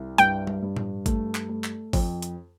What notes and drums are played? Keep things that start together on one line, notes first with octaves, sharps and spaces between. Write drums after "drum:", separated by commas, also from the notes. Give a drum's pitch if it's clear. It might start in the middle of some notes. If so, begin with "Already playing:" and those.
Already playing: C2
G2 G5, drum: hi-hat
drum: tom G3
G2
drum: tom A2
A3, drum: kick G#1, hi-hat
drum: clap
A3
drum: clap
F2, drum: kick G#1, open hi-hat
drum: hi-hat